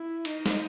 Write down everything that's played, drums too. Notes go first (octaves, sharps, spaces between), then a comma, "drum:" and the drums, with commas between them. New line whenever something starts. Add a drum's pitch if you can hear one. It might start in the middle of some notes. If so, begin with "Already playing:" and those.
Already playing: E4
D#4, drum: cymbal
drum: snare